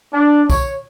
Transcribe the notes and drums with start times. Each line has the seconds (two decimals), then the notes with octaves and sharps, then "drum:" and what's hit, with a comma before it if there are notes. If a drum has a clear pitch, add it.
0.13 D4
0.50 C#5, drum: kick, tambourine